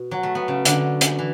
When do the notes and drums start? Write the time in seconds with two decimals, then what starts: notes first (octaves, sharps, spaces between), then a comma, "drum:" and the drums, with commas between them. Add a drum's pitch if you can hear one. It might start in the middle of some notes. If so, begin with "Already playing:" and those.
Already playing: B2
0.11 F#3
0.23 A3
0.35 B3
0.48 C#3
0.65 D3, drum: hi-hat
1.01 drum: hi-hat
1.19 E3